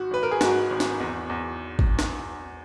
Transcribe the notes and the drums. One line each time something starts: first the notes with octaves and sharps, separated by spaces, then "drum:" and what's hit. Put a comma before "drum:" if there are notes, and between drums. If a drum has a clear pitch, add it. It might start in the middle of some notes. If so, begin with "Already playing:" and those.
Already playing: G#1 F#4
G#1 B4
A#4
G#4
G#2 F#4, drum: snare
G#1
drum: snare
E2
E2
drum: kick
drum: snare